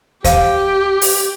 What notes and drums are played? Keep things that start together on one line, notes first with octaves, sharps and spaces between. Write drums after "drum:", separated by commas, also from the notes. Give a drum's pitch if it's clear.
G4 C5 F5, drum: kick D#2, hi-hat
drum: open hi-hat